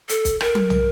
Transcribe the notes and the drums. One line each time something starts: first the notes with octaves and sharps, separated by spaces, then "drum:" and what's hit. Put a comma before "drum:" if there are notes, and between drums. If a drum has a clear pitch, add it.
A4, drum: hi-hat
drum: kick, hi-hat
A#4, drum: rim click
drum: tom
drum: tom